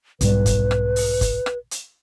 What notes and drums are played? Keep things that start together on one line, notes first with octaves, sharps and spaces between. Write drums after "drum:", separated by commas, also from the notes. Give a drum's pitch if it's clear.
B1 G#2 G3 B4, drum: hi-hat
drum: kick G1, hi-hat
drum: rim click
drum: open hi-hat
drum: kick G1, hi-hat
drum: rim click
drum: hi-hat